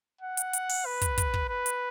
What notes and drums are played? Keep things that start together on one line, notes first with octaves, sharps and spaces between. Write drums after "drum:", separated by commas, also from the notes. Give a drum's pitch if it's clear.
F#5
drum: hi-hat
drum: hi-hat
drum: open hi-hat
B4
drum: kick, hi-hat
drum: kick, hi-hat
drum: kick
B4
drum: hi-hat